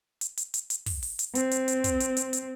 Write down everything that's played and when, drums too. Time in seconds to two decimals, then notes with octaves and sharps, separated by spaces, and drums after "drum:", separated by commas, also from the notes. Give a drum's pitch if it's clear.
0.21 drum: hi-hat
0.37 drum: hi-hat
0.54 drum: hi-hat
0.70 drum: hi-hat
0.86 drum: kick, open hi-hat
1.03 drum: open hi-hat
1.19 drum: hi-hat
1.35 C4, drum: hi-hat
1.51 drum: hi-hat
1.68 drum: hi-hat
1.84 drum: kick, hi-hat
2.00 drum: hi-hat
2.17 drum: hi-hat
2.33 drum: hi-hat